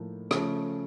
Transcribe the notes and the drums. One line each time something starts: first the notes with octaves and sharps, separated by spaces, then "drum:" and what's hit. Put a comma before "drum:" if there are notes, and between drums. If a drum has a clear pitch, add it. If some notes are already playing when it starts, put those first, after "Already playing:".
Already playing: A2 F3 A#3 D#4
C#3 F3 A3 C#4, drum: rim click